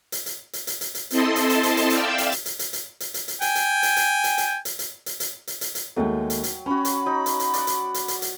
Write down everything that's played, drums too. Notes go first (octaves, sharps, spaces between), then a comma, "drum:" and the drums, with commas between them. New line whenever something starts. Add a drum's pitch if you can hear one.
drum: hi-hat
drum: hi-hat
drum: hi-hat
drum: hi-hat
drum: hi-hat
drum: hi-hat
C4 E4 A4 D#5 A5 C6, drum: hi-hat
drum: hi-hat
drum: hi-hat
drum: hi-hat
drum: hi-hat
D5 E5 F5 G5 E6, drum: hi-hat
drum: hi-hat
drum: hi-hat
drum: hi-hat
drum: hi-hat
drum: hi-hat
drum: hi-hat
drum: hi-hat
drum: hi-hat
G5 G#5, drum: hi-hat
drum: hi-hat
drum: hi-hat
drum: hi-hat
drum: hi-hat
drum: hi-hat
drum: hi-hat
drum: hi-hat
drum: hi-hat
drum: hi-hat
drum: hi-hat
drum: hi-hat
drum: hi-hat
D#2 F#3 G#3 A3 G5
drum: hi-hat
drum: hi-hat
C#4 F#4 C#5 B5
drum: hi-hat
F#3 D#4
drum: hi-hat
drum: hi-hat
D5 F#5, drum: hi-hat
drum: hi-hat
drum: hi-hat
drum: hi-hat
drum: hi-hat